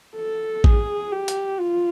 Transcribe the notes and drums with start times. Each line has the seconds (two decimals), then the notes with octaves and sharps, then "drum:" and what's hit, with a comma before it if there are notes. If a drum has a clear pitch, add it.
0.17 A4
0.64 G#4, drum: kick A1
1.12 G4
1.28 drum: hi-hat
1.60 F4